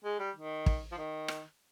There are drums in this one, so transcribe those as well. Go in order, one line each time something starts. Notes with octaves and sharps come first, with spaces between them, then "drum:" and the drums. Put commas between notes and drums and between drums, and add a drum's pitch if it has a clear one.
G#3
G3
D#3
drum: kick
F3
D#3
drum: rim click